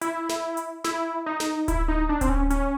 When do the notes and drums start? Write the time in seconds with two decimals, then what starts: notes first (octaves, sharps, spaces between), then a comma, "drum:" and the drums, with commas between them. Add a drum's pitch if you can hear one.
0.01 E4, drum: hi-hat
0.29 drum: snare
0.57 drum: hi-hat
0.84 E4, drum: snare
1.26 D#4
1.40 drum: snare
1.68 E4, drum: kick D1, hi-hat
1.88 D#4
2.09 D4
2.21 C4, drum: kick D1, hi-hat
2.30 C#4
2.50 C#4, drum: hi-hat